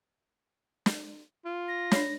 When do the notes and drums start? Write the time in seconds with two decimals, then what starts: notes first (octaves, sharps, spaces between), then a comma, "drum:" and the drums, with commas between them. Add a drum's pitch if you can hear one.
0.86 drum: snare
1.45 F4
1.68 A#6
1.91 D4 C#5, drum: snare